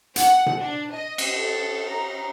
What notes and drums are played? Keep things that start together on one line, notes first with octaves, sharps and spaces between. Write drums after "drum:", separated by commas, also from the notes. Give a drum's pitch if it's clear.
F#5, drum: hi-hat
drum: tom B2
D4
D#5
drum: cymbal
A4
A#5